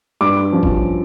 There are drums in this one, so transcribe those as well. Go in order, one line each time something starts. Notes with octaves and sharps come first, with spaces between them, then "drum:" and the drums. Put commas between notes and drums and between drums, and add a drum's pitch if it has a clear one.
G2 D6
F3 C#4
drum: kick G#1